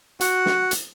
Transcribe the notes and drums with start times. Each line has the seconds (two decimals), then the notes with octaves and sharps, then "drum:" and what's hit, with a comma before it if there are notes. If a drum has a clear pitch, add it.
0.21 F#4 F#5, drum: hi-hat
0.46 drum: snare
0.71 drum: hi-hat